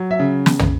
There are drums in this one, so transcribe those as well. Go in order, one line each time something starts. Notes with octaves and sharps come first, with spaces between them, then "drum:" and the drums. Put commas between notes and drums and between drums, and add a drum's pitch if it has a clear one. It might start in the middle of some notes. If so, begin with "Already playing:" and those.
Already playing: F#3
E5
C#3
drum: snare
drum: tom